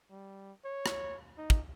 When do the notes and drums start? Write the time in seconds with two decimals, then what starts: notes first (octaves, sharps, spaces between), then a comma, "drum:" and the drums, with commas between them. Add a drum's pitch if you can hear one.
0.11 G3
0.65 C#5
0.86 drum: rim click
1.38 D#4
1.50 drum: kick